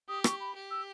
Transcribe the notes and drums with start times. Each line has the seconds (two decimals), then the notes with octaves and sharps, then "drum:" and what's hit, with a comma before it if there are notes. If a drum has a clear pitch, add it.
0.09 G4 D#6
0.24 C#6, drum: rim click
0.40 B5
0.56 G4
0.71 E6